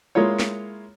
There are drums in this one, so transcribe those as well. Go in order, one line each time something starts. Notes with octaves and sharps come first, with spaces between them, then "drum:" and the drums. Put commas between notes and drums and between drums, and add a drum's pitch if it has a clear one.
G#3 A#3 E4 F4 C#5
drum: snare